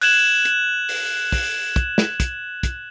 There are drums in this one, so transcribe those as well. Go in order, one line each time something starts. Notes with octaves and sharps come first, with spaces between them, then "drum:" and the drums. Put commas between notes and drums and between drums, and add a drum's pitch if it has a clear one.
F#6 G#6 E7 F#7, drum: open hi-hat
drum: hi-hat
drum: open hi-hat
drum: kick, open hi-hat
drum: kick, hi-hat
drum: snare
drum: kick, hi-hat
drum: kick, hi-hat